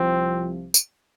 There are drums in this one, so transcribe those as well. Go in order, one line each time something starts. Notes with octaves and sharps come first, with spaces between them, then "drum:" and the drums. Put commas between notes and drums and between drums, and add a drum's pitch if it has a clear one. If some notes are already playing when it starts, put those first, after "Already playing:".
Already playing: C2 C3 F3 C4
drum: tambourine